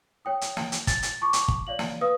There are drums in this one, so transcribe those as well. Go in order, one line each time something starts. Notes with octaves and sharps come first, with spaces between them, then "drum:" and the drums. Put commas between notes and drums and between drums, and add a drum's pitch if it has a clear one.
C#5 G5 D#6
drum: hi-hat
drum: snare
drum: hi-hat
A6, drum: kick, hi-hat
drum: hi-hat
A5 C#6 D6
drum: hi-hat
drum: kick
C#5 D5 F5 F#7
drum: snare
B4 F5 D#6